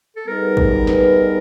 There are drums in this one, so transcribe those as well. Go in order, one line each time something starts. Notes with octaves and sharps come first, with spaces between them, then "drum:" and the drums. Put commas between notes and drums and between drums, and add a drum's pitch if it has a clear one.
A4
G3 B3 D#4 G#4 A#4 B4
drum: kick
drum: snare